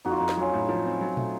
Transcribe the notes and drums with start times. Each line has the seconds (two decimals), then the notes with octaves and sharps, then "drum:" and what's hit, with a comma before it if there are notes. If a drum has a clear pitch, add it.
0.05 F2 D#4 F#4
0.12 F4
0.17 F2 D#4
0.29 D#4, drum: snare
0.37 F#3 C#4 F4
0.53 A2 D#4
0.69 F3
0.85 C4
1.01 F#3
1.17 A3, drum: tom